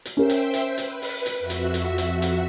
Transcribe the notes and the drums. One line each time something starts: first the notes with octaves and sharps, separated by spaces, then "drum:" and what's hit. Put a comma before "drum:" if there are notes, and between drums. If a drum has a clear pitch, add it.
drum: hi-hat
C#4 A#4 C5 E5 G5
drum: hi-hat
drum: hi-hat
B4, drum: hi-hat
drum: open hi-hat
drum: hi-hat
F2 F#4 E5
drum: hi-hat
drum: hi-hat
drum: hi-hat
drum: hi-hat